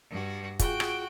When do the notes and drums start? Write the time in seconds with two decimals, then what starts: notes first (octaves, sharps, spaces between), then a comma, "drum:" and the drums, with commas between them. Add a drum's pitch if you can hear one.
0.10 G2 F#4
0.59 F4 F#4 G#4 G5, drum: kick, hi-hat
0.80 drum: rim click